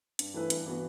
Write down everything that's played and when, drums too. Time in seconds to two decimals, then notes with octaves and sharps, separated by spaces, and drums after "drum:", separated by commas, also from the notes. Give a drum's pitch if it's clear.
0.19 G2, drum: hi-hat
0.34 E3 A3 E4 B4
0.50 G2, drum: hi-hat
0.66 E3 B3 F#4